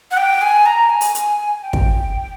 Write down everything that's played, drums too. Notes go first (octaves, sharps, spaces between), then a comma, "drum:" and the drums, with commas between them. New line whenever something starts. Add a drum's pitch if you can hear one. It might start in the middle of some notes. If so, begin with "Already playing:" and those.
F#5
G5
G#5
A#5
G#5
drum: open hi-hat
drum: hi-hat
G5
drum: kick